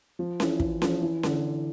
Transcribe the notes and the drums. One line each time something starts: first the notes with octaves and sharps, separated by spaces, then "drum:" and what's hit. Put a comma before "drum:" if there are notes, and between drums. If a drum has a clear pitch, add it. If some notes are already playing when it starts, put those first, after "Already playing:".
F3
E3, drum: snare C#4
E3, drum: kick
F3, drum: snare C#4
E3
D3, drum: snare C#4